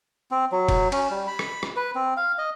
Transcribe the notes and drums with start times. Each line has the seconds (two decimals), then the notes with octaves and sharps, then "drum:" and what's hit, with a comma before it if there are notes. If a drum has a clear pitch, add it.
0.31 C4
0.52 F#3
0.69 drum: kick F1, cymbal
0.92 C#4, drum: cymbal
1.11 G3
1.27 B5
1.39 drum: rim click
1.63 drum: rim click
1.76 B4
1.95 C4
2.17 F5
2.38 D#5